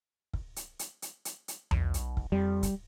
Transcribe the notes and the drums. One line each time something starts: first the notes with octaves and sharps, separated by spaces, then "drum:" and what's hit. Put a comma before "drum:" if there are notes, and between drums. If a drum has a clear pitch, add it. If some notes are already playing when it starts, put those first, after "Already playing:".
drum: kick
drum: hi-hat
drum: hi-hat
drum: hi-hat
drum: hi-hat
drum: hi-hat
B1, drum: tom E2
drum: hi-hat
drum: kick
F2 G3
drum: kick, hi-hat